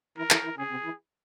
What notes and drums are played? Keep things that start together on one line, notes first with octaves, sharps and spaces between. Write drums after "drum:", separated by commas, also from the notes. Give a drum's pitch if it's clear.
E3 E4 A#4
E3 E4, drum: clap
E3 E4
C#3 C#4 G#4
C3 C4
E3 E4